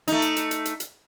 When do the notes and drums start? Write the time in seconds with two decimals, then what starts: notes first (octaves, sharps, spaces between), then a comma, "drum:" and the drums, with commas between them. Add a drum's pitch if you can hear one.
0.08 A3 D#4, drum: hi-hat
0.22 drum: hi-hat
0.36 drum: hi-hat
0.51 drum: hi-hat
0.65 drum: hi-hat
0.80 drum: hi-hat